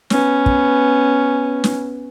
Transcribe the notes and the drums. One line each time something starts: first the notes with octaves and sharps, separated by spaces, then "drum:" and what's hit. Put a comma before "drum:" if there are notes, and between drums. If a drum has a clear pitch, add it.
B3 C#4, drum: snare
drum: kick
drum: snare